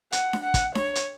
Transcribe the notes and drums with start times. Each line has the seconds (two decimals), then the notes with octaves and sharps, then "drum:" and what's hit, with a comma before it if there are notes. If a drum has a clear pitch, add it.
0.12 F#5, drum: hi-hat
0.33 drum: snare D4
0.44 F#5
0.54 drum: kick, hi-hat
0.75 C#5, drum: snare D4
0.95 drum: hi-hat